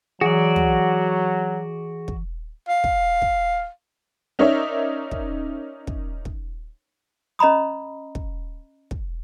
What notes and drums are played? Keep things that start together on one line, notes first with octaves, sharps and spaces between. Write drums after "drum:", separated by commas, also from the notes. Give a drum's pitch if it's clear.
E3 F#3 F#4 G#4 D5
drum: tom
drum: kick
F5
drum: kick
drum: kick
C#4 D#4 A#4 C#5 D5 E5
drum: kick
drum: kick
drum: kick
C#4 D#5 A#5 B5 D#6
drum: kick
drum: kick